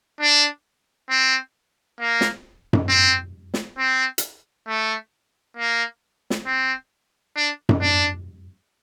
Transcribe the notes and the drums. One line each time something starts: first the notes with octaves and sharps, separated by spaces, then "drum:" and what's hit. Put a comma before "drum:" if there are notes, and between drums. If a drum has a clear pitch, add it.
D4
C4
A#3
drum: snare
drum: tom F#2
C4
drum: snare
C4
drum: hi-hat
A3
A#3
drum: snare
C4
D4
drum: tom F#2
D4